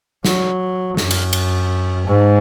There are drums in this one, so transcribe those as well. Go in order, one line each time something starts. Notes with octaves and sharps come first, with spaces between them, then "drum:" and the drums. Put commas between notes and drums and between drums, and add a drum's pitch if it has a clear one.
F#3, drum: snare
F#2, drum: snare
drum: cymbal
drum: cymbal
G#2